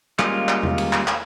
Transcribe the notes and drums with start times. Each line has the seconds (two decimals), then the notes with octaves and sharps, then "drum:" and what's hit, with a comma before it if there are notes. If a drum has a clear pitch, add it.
0.19 G3 G#3 A#3 C#4 F4, drum: clap
0.49 drum: clap
0.63 drum: tom E2
0.78 drum: cymbal
0.93 drum: clap
1.07 drum: clap